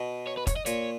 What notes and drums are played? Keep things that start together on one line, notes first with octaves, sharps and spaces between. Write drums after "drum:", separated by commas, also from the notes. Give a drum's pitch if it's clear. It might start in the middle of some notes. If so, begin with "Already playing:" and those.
Already playing: B2
C#5
B4
C#5, drum: kick, hi-hat
D#5
A#2 C#5, drum: hi-hat